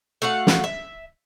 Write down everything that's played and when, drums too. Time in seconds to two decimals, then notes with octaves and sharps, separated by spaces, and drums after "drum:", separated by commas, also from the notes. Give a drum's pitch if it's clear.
0.22 A3 F#4 F5 F#5
0.47 drum: snare
0.64 E5